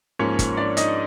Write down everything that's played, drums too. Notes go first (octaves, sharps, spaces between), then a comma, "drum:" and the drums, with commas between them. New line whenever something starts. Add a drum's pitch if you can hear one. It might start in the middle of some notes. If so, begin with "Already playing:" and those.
G#2 F3 A#3 C#4 C#5
drum: kick, hi-hat
D4 D5
D#4 D#5, drum: hi-hat